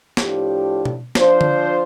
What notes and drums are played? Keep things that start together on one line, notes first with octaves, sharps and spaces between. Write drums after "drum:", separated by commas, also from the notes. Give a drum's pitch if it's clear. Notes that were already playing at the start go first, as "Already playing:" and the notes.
A2 F3 D4 G4, drum: snare
drum: tom B2
F3 D4 F4 C5, drum: snare
drum: tom D3